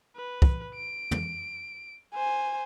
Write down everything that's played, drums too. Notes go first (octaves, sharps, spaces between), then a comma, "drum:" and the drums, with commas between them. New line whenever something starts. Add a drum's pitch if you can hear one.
B4
drum: kick
D7
drum: tom
C5 G#5